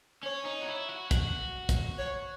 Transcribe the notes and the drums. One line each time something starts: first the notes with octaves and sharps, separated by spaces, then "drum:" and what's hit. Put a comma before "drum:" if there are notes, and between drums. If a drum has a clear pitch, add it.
C#4 C#5
D#4
F#4
E4
F#4
F#4, drum: kick, hi-hat
drum: kick, hi-hat
C#5